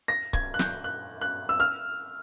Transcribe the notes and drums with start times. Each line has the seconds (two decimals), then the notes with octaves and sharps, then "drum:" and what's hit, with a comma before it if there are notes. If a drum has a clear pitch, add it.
0.08 A#6
0.33 G#6, drum: kick C#1
0.54 F#6
0.59 G6, drum: snare
0.84 F#6
1.21 F#6
1.49 E6
1.60 F6